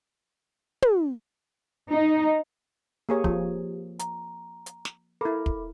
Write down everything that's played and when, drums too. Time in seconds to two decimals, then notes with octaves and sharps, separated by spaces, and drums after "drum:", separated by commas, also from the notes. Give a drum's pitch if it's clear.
0.82 drum: tom
1.91 D#4
3.09 A#3 G4 G#4 C#5
3.24 F3, drum: kick
3.99 A#5, drum: hi-hat
4.66 drum: hi-hat
4.85 drum: snare
5.21 E4 A4 A#4 B5 D6
5.46 drum: kick